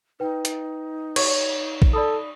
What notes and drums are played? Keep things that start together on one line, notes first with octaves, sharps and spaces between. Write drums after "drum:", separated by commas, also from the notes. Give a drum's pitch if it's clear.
D#4 B4 G5
drum: hi-hat
C#5, drum: cymbal
drum: kick
A4 D5 B5 D#6